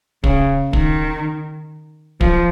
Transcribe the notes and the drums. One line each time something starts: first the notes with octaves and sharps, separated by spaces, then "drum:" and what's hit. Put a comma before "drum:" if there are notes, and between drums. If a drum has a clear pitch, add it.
C#3, drum: kick
D#3, drum: kick
F3, drum: kick